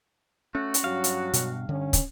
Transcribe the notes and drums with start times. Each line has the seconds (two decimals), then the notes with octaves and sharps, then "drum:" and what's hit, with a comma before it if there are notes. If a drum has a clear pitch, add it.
0.55 A3 C#4 F#4
0.74 drum: hi-hat
0.84 G2 F#3 F5
1.04 drum: hi-hat
1.33 B2, drum: hi-hat
1.69 D3 C#4
1.93 drum: kick, hi-hat